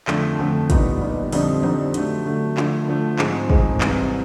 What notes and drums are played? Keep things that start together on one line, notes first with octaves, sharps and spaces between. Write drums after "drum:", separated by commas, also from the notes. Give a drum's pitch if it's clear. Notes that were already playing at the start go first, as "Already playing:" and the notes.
F2 D3 F3 A3, drum: clap
F2 D3 F3 A3
A#2 G3 B3 D#4, drum: kick, hi-hat
A#2 G3 B3 D#4
F2 D3 G3 C4 D#4, drum: open hi-hat
F2 D3 G3 C4 D#4, drum: tom E3
D3 F#3 A3, drum: hi-hat
D3 F#3 A3
D3 F3 A3, drum: clap
D3 F3 A3
G#2 F3 G#3 C4, drum: clap
G#2 F3 G#3 C4, drum: kick
C2 C3 E3 G3 C4, drum: clap